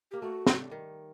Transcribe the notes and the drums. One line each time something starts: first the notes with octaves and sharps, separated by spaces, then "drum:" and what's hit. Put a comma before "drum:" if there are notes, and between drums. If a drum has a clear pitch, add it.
A#3 G4
A3 F#4
G3, drum: snare
D#3